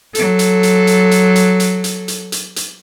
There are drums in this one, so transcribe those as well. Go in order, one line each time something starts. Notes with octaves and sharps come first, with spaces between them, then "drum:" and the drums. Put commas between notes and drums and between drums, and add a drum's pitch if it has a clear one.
F#3 A4, drum: hi-hat
drum: hi-hat
drum: hi-hat
drum: hi-hat
drum: hi-hat
drum: hi-hat
drum: hi-hat
drum: hi-hat
drum: hi-hat
drum: hi-hat
drum: hi-hat